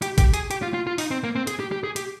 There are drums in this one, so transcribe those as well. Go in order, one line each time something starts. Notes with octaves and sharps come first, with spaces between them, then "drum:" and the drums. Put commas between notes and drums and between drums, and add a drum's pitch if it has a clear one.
G4, drum: hi-hat
G4, drum: kick, hi-hat
G#4, drum: hi-hat
G4, drum: hi-hat
F4
F4
F4
D#4, drum: open hi-hat
C4
A#3
C4
G#4, drum: hi-hat
G4
G4
G#4
G4, drum: hi-hat